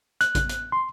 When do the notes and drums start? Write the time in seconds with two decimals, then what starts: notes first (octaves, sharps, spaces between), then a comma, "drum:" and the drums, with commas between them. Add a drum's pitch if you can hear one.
0.21 F#6, drum: hi-hat
0.35 drum: kick A1, hi-hat
0.49 drum: hi-hat
0.72 C6